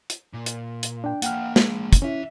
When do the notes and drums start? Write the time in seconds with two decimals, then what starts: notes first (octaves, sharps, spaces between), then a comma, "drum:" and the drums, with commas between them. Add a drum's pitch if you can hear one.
0.10 drum: hi-hat
0.33 A#2
0.46 drum: hi-hat
0.83 drum: hi-hat
1.04 D4 G5
1.22 A#3 D4 F#5 G5 F6, drum: hi-hat
1.56 G#3, drum: snare
1.93 drum: kick, hi-hat
2.02 D#3 C#4 E4 E5